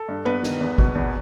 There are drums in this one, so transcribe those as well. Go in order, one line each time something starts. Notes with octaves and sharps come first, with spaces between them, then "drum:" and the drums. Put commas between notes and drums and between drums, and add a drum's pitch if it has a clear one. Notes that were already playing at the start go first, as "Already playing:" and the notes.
Already playing: A4
G2
G2 B3 B4
D#3, drum: snare
E2
B2, drum: kick
E2